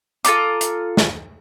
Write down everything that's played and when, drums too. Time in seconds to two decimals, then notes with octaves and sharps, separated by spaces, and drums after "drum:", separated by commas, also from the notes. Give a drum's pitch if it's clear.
0.25 F4 A4 A#5 D6, drum: hi-hat
0.61 drum: hi-hat
0.97 drum: snare